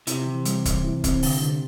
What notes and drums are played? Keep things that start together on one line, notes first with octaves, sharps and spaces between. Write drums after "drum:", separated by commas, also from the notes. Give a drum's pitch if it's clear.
C3 E4, drum: hi-hat
E3
G3, drum: hi-hat
E3, drum: kick, hi-hat
E4
C4, drum: kick, hi-hat
D3, drum: open hi-hat
D3